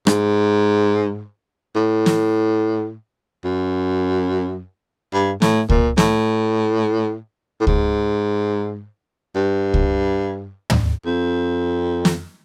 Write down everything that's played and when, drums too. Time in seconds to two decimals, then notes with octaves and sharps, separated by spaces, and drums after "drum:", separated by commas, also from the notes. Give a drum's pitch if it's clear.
0.07 G#2, drum: rim click
1.76 A2
2.06 drum: snare
3.45 F#2
5.13 G2
5.42 A2, drum: snare
5.70 A#2, drum: kick C#2
5.98 A2, drum: snare
7.60 A2
7.67 G#2, drum: kick C#2
9.35 G2
9.74 drum: kick C#2
10.70 drum: tom
11.05 F2
12.05 drum: snare